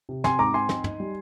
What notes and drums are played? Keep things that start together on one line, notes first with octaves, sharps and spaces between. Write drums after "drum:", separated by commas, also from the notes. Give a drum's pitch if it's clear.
C3
C4 G#5 C6, drum: snare
G#2 A#5 D6
C4 G#5 C6
D#4, drum: snare
D#4, drum: tom
G3